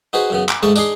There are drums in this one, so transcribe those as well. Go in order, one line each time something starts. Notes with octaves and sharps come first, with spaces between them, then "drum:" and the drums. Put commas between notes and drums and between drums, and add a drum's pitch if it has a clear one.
D#4 F#4 G#4 B4 C5
F#2 C#3 B3
D6, drum: clap
G#2 G#3 A3 D#4 A5 C#6
D4 D#4 G#4 C6, drum: tambourine